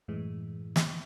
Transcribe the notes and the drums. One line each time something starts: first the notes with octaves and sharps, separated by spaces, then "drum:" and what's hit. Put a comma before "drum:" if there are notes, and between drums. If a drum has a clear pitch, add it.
F#2 A2 E3 G#3
drum: snare